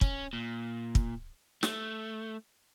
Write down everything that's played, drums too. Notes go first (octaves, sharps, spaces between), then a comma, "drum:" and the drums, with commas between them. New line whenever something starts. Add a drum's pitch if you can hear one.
C#4, drum: kick
A#2
drum: kick
A3, drum: snare